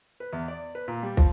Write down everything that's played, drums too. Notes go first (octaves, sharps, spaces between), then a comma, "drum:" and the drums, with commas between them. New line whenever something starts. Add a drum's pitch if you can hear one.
B4
E2
D5
B4
A#2
G3
F3, drum: kick